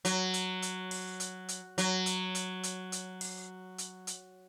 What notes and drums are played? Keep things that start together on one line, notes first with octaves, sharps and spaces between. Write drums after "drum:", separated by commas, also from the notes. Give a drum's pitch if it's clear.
F#3, drum: hi-hat
drum: hi-hat
drum: hi-hat
drum: open hi-hat
drum: hi-hat
drum: hi-hat
F#3, drum: hi-hat
drum: hi-hat
drum: hi-hat
drum: hi-hat
drum: hi-hat
drum: open hi-hat
drum: hi-hat
drum: hi-hat